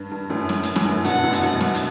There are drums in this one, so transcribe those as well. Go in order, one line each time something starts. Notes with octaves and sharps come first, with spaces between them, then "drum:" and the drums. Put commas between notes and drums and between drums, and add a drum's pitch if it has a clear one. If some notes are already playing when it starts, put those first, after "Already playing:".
Already playing: G2
G2
F#2 A2
drum: snare
drum: hi-hat
F#2, drum: snare
G2
A2
G2 B2 F#5, drum: hi-hat
F#2 A2
drum: hi-hat
G2 B2
drum: snare
drum: hi-hat